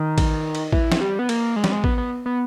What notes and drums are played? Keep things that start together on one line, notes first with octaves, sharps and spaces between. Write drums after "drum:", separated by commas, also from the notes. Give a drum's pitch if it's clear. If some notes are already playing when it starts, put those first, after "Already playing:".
Already playing: D#3
drum: kick A1, cymbal
drum: cymbal
E3, drum: kick A1
drum: snare
G3
B3
A#3, drum: cymbal
G#3
G3, drum: snare
G#3
B3, drum: kick A1
B3
B3